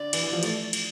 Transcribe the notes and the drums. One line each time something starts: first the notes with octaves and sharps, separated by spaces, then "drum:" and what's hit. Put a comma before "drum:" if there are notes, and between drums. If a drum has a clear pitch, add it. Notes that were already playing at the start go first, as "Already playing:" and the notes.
Already playing: D3 D5
E3, drum: cymbal
E3
F3
A3, drum: cymbal
drum: cymbal